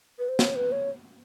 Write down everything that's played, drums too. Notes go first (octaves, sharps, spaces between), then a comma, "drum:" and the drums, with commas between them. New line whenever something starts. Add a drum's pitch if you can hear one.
B4
C5
C#5, drum: snare
B4
C#5